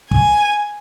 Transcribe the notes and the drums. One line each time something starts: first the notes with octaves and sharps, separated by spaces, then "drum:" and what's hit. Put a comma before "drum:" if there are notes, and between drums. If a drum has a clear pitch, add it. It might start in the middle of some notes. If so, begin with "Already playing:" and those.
G#5, drum: kick